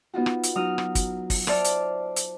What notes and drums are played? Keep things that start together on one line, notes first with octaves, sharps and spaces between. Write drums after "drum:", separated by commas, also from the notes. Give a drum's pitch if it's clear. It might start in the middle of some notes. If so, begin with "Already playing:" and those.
B3 D#4 F4 F#4
drum: rim click
drum: hi-hat
F#3 D#4 D#6 F6
drum: rim click
drum: kick, hi-hat
drum: kick, open hi-hat
C5 D5 E5 A5 F6, drum: rim click
drum: hi-hat
drum: hi-hat